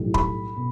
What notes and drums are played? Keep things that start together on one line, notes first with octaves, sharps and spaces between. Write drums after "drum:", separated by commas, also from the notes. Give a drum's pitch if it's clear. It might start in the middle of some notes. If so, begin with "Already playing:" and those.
Already playing: B1 A2 G3
B5, drum: kick D#1
B2